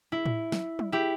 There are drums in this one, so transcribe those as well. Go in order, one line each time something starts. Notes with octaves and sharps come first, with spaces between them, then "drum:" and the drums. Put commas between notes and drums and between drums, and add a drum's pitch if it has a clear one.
E4
drum: tom A2
drum: snare
drum: tom F#3
E4 G4